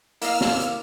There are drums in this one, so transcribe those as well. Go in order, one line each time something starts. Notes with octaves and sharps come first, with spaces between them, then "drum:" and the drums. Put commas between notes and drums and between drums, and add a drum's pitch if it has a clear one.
A#3 E4 D#5 F5 E6 F6, drum: hi-hat
drum: snare
drum: hi-hat